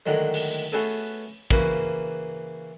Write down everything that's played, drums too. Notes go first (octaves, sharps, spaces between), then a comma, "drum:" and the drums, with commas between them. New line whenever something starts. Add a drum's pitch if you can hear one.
A2 D3 D#3 F#3 G#3
drum: open hi-hat
A3 B3 C#4 F#4 G#4 A4
C#3 E3 A#3 C#4 F#4 B4, drum: kick